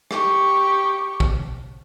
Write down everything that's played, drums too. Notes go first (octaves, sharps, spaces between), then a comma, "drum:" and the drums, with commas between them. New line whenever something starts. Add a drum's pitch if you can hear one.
G4 C#6, drum: rim click
drum: kick